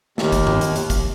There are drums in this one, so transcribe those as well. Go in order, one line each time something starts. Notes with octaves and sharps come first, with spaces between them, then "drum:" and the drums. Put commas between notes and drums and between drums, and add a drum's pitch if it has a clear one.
D#2, drum: snare
drum: kick, hi-hat
drum: tom G2
drum: hi-hat
drum: hi-hat
drum: kick, hi-hat